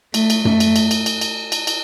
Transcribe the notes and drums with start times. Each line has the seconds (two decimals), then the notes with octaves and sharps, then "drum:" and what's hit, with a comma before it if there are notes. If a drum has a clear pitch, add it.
0.14 A3, drum: cymbal
0.30 drum: cymbal
0.45 A3, drum: tom F#2
0.60 drum: cymbal
0.76 drum: cymbal
0.91 drum: cymbal
1.06 drum: cymbal
1.21 drum: cymbal
1.52 drum: cymbal
1.67 drum: cymbal